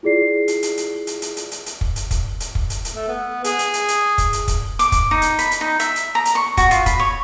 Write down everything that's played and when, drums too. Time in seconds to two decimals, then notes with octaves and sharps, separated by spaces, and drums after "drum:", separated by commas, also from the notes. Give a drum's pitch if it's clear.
0.03 E4 F4 G#4 D5 C7
0.48 drum: hi-hat
0.63 drum: hi-hat
0.77 drum: hi-hat
1.07 drum: hi-hat
1.22 drum: hi-hat
1.37 drum: hi-hat
1.51 drum: hi-hat
1.66 drum: hi-hat
1.81 drum: kick
1.96 drum: hi-hat
2.11 drum: kick, hi-hat
2.40 drum: hi-hat
2.55 drum: kick
2.70 drum: hi-hat
2.85 drum: hi-hat
2.95 A3
3.08 B3
3.44 G#4, drum: hi-hat
3.59 drum: hi-hat
3.74 drum: hi-hat
3.88 drum: hi-hat
4.18 drum: kick, hi-hat
4.33 drum: hi-hat
4.48 drum: kick, hi-hat
4.79 D6, drum: hi-hat
4.92 drum: kick, hi-hat
5.11 D#4
5.22 drum: hi-hat
5.39 B5, drum: hi-hat
5.51 drum: hi-hat
5.61 D#4
5.80 E5, drum: hi-hat
5.96 drum: hi-hat
6.15 A#5
6.25 drum: hi-hat
6.35 C#6
6.57 F#4, drum: kick, hi-hat
6.71 F4, drum: hi-hat
6.86 B5, drum: kick, hi-hat
6.99 C#5